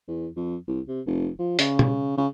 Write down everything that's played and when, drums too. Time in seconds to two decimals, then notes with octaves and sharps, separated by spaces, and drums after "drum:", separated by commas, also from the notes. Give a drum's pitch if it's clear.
0.08 E2
0.36 F2
0.68 C2
0.88 C3
1.06 F1
1.39 F3
1.59 C#3, drum: hi-hat
1.79 drum: tom B2
2.17 C#3